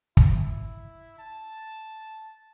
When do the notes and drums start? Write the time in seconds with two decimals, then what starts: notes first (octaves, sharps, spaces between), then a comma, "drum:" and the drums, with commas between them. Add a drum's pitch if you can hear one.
0.17 E4, drum: kick
1.19 A5